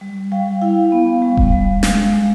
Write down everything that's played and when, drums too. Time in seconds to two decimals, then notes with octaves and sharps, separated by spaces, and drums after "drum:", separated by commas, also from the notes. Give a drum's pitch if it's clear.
0.01 G3
0.32 G3 F5 G5
0.62 E4 F5 G5
0.92 B3
1.22 G3
1.37 drum: kick D#1
1.52 G3
1.83 G#3, drum: snare
2.13 G#3